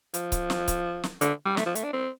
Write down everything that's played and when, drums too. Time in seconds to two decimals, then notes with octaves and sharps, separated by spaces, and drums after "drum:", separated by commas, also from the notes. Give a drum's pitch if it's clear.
0.14 F3, drum: hi-hat
0.32 drum: kick C#1, hi-hat
0.50 drum: snare
0.68 drum: kick C#1, hi-hat
1.04 drum: snare
1.21 D3, drum: hi-hat
1.45 G3
1.57 A3, drum: snare
1.66 F3
1.75 A3, drum: hi-hat
1.84 D4
1.93 C4